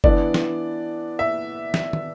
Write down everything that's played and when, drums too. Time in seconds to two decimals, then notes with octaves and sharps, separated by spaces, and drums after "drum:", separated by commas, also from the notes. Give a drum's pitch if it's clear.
0.04 E3 B3 D4 D5, drum: kick F#1
0.34 drum: snare
1.19 E5
1.74 drum: snare
1.93 drum: tom